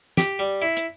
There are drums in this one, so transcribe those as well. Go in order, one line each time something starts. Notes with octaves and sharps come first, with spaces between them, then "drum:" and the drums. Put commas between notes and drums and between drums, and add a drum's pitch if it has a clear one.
G4, drum: snare
G3
E4
drum: hi-hat